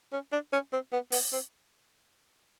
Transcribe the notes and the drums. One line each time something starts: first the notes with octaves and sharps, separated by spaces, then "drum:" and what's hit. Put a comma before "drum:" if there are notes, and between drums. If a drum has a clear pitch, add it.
C#4
D4
C#4
C4
B3
B3, drum: open hi-hat
C4